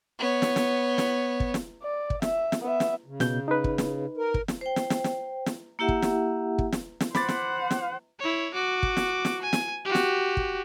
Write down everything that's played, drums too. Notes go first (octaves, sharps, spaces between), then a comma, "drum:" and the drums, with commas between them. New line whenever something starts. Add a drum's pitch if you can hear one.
B3 C#5
drum: snare
drum: snare
drum: snare
drum: kick
drum: snare
D5
drum: kick
E5, drum: snare
drum: snare
B3 E5
drum: snare
C#3
B2 G6, drum: snare
D#4 B4
drum: kick
drum: snare
A#4
drum: kick
drum: snare
C5 G5
drum: snare
drum: snare
drum: snare
drum: snare
A#3 E4 G4 E5 F#5
drum: kick
drum: snare
drum: kick
drum: snare
drum: snare
C5 F#5 B5 D6 A6, drum: snare
drum: snare
drum: snare
E4 C#5
F#4 D6
drum: kick
drum: snare
drum: snare
G#5
drum: snare
F#4 G4
drum: snare
drum: kick